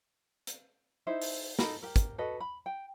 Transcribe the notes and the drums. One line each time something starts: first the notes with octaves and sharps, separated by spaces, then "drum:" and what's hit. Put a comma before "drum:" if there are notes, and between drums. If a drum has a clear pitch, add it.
drum: hi-hat
D#4 E4 C5 E5
drum: open hi-hat
D#4 A4 A#4 B5, drum: snare
G4 A#4
drum: kick, hi-hat
F#4 A4 B4 D#5
B5
G5